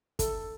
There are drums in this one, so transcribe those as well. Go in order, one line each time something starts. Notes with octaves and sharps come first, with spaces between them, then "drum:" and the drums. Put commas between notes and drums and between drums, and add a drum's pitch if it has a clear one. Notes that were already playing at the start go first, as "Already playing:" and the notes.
A4, drum: kick, hi-hat